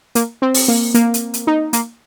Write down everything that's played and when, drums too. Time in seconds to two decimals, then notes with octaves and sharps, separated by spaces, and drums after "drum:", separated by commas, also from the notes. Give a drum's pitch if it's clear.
0.15 A#3, drum: hi-hat
0.42 C4
0.54 drum: open hi-hat
0.68 A#3
0.94 A#3, drum: hi-hat
1.14 drum: hi-hat
1.34 drum: hi-hat
1.47 D#4
1.73 A#3, drum: hi-hat